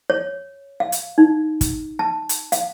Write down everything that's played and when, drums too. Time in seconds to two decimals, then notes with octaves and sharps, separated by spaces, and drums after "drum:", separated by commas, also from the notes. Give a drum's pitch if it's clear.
0.10 C#5
0.80 F5
0.92 drum: hi-hat
1.18 D#4
1.61 drum: kick, hi-hat
1.99 A5
2.29 drum: hi-hat
2.52 F5, drum: hi-hat